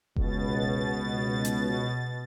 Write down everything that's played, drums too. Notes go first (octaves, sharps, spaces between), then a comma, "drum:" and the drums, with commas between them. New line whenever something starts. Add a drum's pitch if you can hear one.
C#2 B2 A6, drum: kick F1
drum: hi-hat